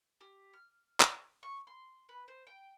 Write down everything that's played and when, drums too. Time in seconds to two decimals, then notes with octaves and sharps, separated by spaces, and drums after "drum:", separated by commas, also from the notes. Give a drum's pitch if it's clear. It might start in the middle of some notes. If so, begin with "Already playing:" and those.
0.21 G4
0.53 F6
1.00 drum: clap
1.43 C#6
1.67 C6
2.09 B4
2.28 C5
2.47 G5